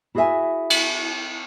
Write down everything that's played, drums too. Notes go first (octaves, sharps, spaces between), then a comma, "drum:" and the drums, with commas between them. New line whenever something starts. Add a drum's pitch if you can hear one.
E4 F#4 G#4 C#5 E5 G#5
drum: cymbal